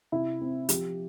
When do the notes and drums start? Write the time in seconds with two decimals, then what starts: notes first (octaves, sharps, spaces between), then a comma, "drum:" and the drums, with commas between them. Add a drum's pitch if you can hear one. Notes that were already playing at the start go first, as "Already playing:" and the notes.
0.12 C3 E4
0.41 C4
0.69 F3 G4, drum: hi-hat